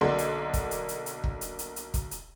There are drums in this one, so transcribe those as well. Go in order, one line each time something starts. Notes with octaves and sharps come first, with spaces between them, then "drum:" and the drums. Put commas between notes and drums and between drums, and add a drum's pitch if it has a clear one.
B1 D3 A#3 F#4 D5 C6
drum: hi-hat
drum: kick, hi-hat
drum: hi-hat
drum: hi-hat
drum: hi-hat
drum: kick
drum: hi-hat
drum: hi-hat
drum: hi-hat
drum: kick, hi-hat
drum: hi-hat